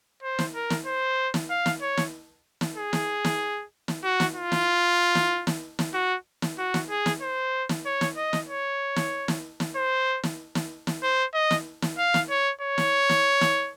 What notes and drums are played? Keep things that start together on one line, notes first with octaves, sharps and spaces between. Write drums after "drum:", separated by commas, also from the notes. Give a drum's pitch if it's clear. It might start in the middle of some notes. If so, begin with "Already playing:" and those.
C5
drum: snare
A#4
drum: snare
C5
drum: snare
F5
drum: snare
C#5
drum: snare
drum: snare
G#4
drum: snare
drum: snare
drum: snare
F#4
drum: snare
F4
drum: snare
drum: snare
drum: snare
drum: snare
F#4
drum: snare
F#4
drum: snare
G#4
drum: snare
C5
drum: snare
C#5
drum: snare
D#5
drum: snare
C#5
drum: snare
drum: snare
drum: snare
C5
drum: snare
drum: snare
drum: snare
C5
D#5
drum: snare
drum: snare
F5
drum: snare
C#5
C#5
drum: snare
drum: snare
drum: snare